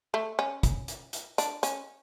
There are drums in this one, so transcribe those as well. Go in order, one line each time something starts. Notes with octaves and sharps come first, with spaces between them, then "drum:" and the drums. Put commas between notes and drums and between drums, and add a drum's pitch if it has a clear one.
A3
C#4
drum: kick, hi-hat
drum: hi-hat
drum: hi-hat
D4, drum: hi-hat
C#4, drum: hi-hat